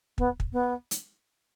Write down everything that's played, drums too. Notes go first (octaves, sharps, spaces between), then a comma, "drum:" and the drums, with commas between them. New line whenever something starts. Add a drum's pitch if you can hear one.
B3, drum: kick
drum: kick
B3
drum: hi-hat